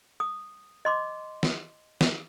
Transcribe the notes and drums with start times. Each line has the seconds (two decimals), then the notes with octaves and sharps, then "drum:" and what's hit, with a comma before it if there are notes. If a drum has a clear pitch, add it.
0.20 D#6
0.85 D#5 C6 D6
1.43 drum: snare
2.01 drum: snare